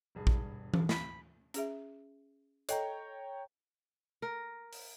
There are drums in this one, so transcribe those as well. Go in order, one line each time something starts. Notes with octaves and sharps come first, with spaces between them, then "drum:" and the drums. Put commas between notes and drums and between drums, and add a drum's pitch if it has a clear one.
E1 G2 G#4
drum: kick
drum: tom E3
B5, drum: snare
C#4 G#4 E5, drum: hi-hat
A4 C#5 D#5 G5 A#5, drum: hi-hat
A#4
drum: open hi-hat